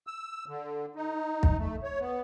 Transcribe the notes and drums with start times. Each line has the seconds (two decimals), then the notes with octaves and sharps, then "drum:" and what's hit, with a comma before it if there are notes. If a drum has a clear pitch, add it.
0.07 E6
0.48 D3
0.96 D#4
1.43 drum: kick
1.58 A3
1.83 C#5
2.00 B3